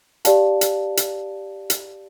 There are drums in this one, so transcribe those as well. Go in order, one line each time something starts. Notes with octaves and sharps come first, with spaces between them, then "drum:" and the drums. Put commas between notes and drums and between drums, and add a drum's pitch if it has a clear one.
G4 D5 F5 A5, drum: hi-hat
drum: hi-hat
drum: hi-hat
drum: hi-hat